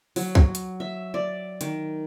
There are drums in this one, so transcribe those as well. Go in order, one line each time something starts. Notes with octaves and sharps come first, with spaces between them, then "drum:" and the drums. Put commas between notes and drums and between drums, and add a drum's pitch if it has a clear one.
F#3, drum: open hi-hat
drum: kick
drum: hi-hat
E5
D5
D#3, drum: hi-hat